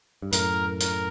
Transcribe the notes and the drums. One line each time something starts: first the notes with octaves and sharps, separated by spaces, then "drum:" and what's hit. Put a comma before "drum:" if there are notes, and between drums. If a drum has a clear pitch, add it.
G2
F#2 A2 A#4, drum: hi-hat
A#4, drum: hi-hat